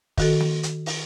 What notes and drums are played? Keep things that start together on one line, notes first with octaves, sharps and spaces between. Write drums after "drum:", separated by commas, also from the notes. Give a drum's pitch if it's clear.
D#3 F#4 A4, drum: kick, open hi-hat
drum: snare
drum: hi-hat
drum: open hi-hat